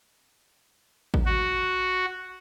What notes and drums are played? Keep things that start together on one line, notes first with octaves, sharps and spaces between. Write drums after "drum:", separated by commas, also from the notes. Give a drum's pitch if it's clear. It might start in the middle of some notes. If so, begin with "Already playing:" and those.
drum: kick A1
F#4